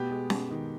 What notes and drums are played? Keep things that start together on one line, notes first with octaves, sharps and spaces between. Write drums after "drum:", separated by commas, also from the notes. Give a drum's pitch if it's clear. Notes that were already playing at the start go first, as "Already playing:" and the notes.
Already playing: B2 B3 G4
G#3
G#3, drum: snare C#4
D#3